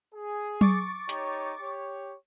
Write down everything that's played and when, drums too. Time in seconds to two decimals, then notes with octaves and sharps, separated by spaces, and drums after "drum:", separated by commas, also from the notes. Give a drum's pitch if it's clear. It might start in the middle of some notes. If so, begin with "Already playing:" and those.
0.15 G#4
0.61 C#6 D6 A6, drum: tom F#3
1.09 D#4 G4 C#5, drum: hi-hat
1.61 G4 C#5